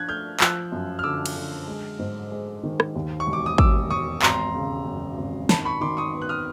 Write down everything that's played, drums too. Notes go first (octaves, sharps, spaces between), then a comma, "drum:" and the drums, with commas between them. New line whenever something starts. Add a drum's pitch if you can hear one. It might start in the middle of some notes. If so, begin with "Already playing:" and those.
Already playing: F3 D4 F#6 G#6
A3 F6 G6
F3 E6 F#6, drum: clap
F#2
F6
D3 D6 E6
drum: cymbal
D3
G#3
G#2
G#3
D#3
drum: rim click
D#2
C#6
E1
D6
D#6
E1 D6 E6, drum: kick
E1 C#6 D#6
G#1 A#5 C6, drum: clap
C#3
F#2
G#1
D#3 A5 B5, drum: snare
B5 C#6
D#3 C6 D6
C#6 D#6
B3
F#6
D#6 F6